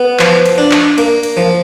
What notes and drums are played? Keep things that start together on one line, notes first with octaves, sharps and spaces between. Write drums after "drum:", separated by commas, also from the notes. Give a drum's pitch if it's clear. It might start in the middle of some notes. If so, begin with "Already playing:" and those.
Already playing: B3
F3, drum: clap
drum: cymbal
D4
drum: clap
A#3, drum: cymbal
drum: cymbal
F3